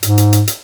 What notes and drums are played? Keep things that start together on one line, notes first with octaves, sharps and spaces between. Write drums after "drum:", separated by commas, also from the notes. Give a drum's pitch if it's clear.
G#2, drum: hi-hat
drum: hi-hat
drum: hi-hat
drum: hi-hat